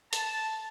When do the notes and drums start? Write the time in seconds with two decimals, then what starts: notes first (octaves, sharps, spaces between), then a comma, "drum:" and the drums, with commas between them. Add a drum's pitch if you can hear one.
0.13 A5, drum: hi-hat